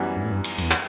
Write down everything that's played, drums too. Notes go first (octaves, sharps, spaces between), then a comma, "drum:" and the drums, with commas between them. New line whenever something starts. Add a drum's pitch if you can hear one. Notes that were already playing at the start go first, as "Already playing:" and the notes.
Already playing: F#2 E3 G3 B3
G2
A2
G2
drum: cymbal
F#2, drum: cymbal
E2
drum: clap